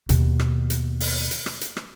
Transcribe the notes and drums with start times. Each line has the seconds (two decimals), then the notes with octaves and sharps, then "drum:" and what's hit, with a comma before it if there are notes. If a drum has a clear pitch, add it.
0.09 D#2 B2, drum: hi-hat
0.39 drum: rim click
0.70 drum: hi-hat
1.00 drum: open hi-hat
1.31 drum: hi-hat
1.46 drum: rim click
1.61 drum: hi-hat
1.77 drum: rim click